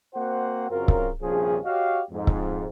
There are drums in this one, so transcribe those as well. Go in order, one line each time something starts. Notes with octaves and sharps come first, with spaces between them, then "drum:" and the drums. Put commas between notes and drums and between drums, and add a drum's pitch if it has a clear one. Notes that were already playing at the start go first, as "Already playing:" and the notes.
A#3 C4 F#4 C5 F#5
F#2 C#3 F#3 C4 F4 A#4
drum: kick C#1
A#1 G2 C3 F3 C#4 G#4
F#4 G4 C#5 D#5 F5
F2 G#2
drum: kick C#1